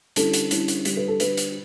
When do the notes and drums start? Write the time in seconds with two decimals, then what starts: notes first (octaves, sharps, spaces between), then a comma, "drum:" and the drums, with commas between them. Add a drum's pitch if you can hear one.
0.16 D3 G3 C#4 E4 A4, drum: hi-hat
0.33 drum: hi-hat
0.51 D3 G3 C#4 E4, drum: hi-hat
0.68 drum: hi-hat
0.85 D3 G3 D4, drum: hi-hat
0.97 B4
1.08 A4
1.20 D3 G3 D4 B4, drum: hi-hat
1.37 drum: hi-hat